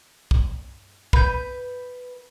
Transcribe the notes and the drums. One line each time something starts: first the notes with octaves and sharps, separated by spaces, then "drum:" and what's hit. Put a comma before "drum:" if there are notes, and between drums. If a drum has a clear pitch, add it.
drum: kick
B4 G6, drum: kick